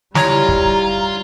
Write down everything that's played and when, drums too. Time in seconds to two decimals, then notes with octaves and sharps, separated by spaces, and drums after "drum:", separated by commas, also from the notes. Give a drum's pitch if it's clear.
0.15 G3 E4 F4 C#5 A#5 G#6, drum: snare
0.48 drum: kick